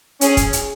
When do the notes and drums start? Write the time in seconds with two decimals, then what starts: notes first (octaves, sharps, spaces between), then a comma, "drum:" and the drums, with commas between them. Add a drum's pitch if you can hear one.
0.21 C#4 G#4, drum: hi-hat
0.37 drum: kick, hi-hat
0.53 drum: hi-hat